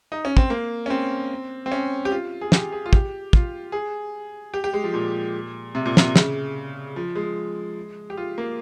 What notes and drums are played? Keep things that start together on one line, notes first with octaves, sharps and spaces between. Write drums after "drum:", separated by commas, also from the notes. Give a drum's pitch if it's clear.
D#4
C#4
C4, drum: kick
A#3
C#4
C4
C4
C#4
G4
F4
G#4
G4, drum: snare
G#4
F4
G4, drum: kick
F4, drum: kick
G#4
G4
G4
G#3
F3
A#2
C3
A#2
C3, drum: snare
C#3, drum: snare
F3
G#3
G4
F4
A#3